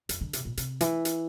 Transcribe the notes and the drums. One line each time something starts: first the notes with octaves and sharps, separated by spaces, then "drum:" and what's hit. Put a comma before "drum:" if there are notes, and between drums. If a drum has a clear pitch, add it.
F2, drum: hi-hat
D3
C3, drum: hi-hat
A#2
C3, drum: hi-hat
E3, drum: hi-hat
drum: hi-hat